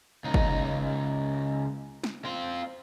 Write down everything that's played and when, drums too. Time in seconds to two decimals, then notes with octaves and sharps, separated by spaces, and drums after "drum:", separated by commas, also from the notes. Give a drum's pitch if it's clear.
0.24 C#2 D#4
0.34 drum: kick G1
2.04 drum: snare
2.25 C4 F4